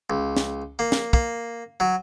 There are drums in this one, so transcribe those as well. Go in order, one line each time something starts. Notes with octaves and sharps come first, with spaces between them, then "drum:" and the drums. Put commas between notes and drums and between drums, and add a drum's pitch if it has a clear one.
C#2
drum: snare
A#3
drum: snare
A#3, drum: kick
F#3